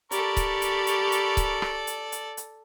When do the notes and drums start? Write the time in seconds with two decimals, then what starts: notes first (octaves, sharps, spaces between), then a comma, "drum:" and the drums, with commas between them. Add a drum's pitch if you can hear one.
0.12 G4 A4 A#4 D5 B5 C#6, drum: hi-hat
0.37 drum: kick C#1, hi-hat
0.62 drum: hi-hat
0.87 drum: hi-hat
1.12 drum: hi-hat
1.37 drum: kick C#1, hi-hat
1.62 drum: rim click
1.87 drum: hi-hat
2.12 drum: hi-hat
2.37 drum: hi-hat